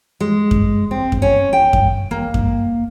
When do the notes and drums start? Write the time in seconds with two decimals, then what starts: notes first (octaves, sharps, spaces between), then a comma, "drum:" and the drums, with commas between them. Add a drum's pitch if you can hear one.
0.20 G#3
0.51 drum: kick F#2
0.91 C4
1.12 drum: kick F#2
1.22 C#4
1.53 G5
1.73 drum: kick F#2
2.11 A#3
2.34 drum: kick F#2